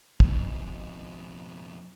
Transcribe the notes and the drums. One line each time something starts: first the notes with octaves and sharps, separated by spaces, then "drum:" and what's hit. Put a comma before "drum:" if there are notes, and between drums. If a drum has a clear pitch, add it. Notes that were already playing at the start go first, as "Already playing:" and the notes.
F2 B2, drum: kick